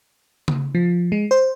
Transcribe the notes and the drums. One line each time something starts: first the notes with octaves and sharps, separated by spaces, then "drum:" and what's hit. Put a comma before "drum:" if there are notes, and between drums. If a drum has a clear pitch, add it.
drum: tom C#3
F3
G#3
C5